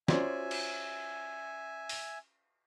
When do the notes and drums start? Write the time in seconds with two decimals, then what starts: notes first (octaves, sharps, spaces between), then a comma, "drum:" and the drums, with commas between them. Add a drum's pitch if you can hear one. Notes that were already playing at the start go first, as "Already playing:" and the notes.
0.08 C#4 F4 F#4 C5 D5 E5 F#5 G#5, drum: snare
0.51 drum: cymbal
1.89 drum: open hi-hat